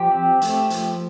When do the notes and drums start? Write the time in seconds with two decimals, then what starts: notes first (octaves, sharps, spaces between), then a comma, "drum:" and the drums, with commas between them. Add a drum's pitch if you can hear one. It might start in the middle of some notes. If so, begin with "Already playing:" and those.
Already playing: F3 G4
0.12 C4
0.42 A3, drum: hi-hat
0.70 F3, drum: hi-hat